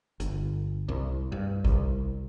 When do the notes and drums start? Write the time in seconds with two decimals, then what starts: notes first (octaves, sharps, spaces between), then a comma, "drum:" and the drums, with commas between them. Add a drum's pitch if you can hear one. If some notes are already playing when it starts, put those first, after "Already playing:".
0.20 G1, drum: hi-hat
0.89 C2
1.32 G2
1.65 C2, drum: kick G#1